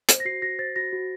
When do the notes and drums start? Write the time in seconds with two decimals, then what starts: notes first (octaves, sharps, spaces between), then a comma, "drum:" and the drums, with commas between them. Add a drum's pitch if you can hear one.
0.09 C5, drum: hi-hat
0.20 A#6
0.25 F#4 C7
0.42 F#4 A#6
0.59 C5 A6
0.76 F#4 A#6
0.93 F#4